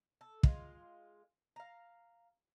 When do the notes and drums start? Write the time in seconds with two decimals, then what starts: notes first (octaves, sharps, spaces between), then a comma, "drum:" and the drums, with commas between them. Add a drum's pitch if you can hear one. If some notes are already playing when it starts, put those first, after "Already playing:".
0.21 A4
0.43 G#3 F4, drum: kick
1.56 F5 A#5